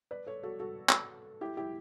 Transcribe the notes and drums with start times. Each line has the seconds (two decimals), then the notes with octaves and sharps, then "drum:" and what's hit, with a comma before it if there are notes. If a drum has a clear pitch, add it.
0.11 B4 D5
0.27 A4 C#5
0.43 F#4 A4
0.60 F#4 A4
0.89 drum: clap
1.41 E4 G4
1.57 E4 G4